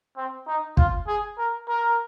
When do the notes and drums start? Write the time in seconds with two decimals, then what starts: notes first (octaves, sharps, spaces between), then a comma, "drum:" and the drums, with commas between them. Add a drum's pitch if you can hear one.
0.17 C4
0.47 D#4
0.77 F4, drum: kick
1.07 G#4
1.38 A#4
1.68 A#4